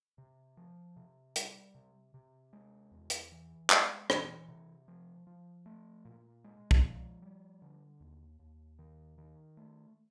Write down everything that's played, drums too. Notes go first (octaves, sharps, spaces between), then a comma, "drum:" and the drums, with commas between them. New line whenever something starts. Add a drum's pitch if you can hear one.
C3
F3
C3
G3, drum: hi-hat
C3
C3
G#3
E2
drum: hi-hat
E3
G#3, drum: clap
E3, drum: rim click
C3
F3
F3
A3
A#2
G#3
drum: kick
F3
G3
D3
D#2
D#2
D#3
D#3
A3